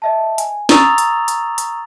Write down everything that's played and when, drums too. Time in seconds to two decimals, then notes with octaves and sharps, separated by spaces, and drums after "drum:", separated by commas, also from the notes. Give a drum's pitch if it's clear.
0.02 D#5 E5 A5
0.38 G#5, drum: hi-hat
0.69 A#5 C#6 D#6 E6 A6 F7, drum: snare C#4
0.98 drum: hi-hat
1.28 drum: hi-hat
1.58 drum: hi-hat